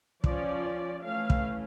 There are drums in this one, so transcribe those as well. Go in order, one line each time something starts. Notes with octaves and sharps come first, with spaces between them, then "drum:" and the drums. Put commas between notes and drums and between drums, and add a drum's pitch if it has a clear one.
F3 C#4 D5, drum: kick
E3 A3 C#4 F5
drum: kick